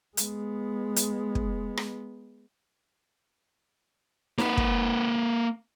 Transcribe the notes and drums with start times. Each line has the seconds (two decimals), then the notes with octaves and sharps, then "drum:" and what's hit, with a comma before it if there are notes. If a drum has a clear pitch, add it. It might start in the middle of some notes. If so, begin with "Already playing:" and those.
0.17 G#3 B3, drum: hi-hat
0.96 drum: hi-hat
1.35 drum: kick
1.77 drum: rim click
4.38 A#3 B4, drum: snare D#4
4.57 drum: kick